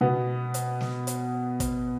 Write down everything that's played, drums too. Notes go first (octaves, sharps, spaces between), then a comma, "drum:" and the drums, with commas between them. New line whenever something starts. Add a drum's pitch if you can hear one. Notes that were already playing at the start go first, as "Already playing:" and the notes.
B2 B3
drum: hi-hat
drum: snare
drum: hi-hat
drum: kick, hi-hat